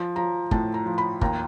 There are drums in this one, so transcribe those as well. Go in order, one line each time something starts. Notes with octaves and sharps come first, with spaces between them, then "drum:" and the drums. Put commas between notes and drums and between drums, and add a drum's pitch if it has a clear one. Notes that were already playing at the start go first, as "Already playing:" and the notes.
Already playing: F3
F3 A#5
A2 A5, drum: kick
A#5
F3
B5
D#2 A#5, drum: kick